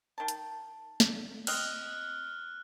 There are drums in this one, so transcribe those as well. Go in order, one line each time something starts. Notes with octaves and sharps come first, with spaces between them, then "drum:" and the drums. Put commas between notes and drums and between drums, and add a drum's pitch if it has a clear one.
D#3 A5
drum: hi-hat
drum: snare
C4 D#5 F6 F#6, drum: cymbal